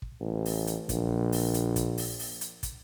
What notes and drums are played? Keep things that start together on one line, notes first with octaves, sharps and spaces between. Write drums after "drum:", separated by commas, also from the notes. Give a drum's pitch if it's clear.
drum: kick
A1
drum: open hi-hat
drum: hi-hat
A#1, drum: kick, hi-hat
drum: open hi-hat
drum: hi-hat
drum: kick, hi-hat
drum: open hi-hat
drum: open hi-hat
drum: hi-hat
drum: kick, hi-hat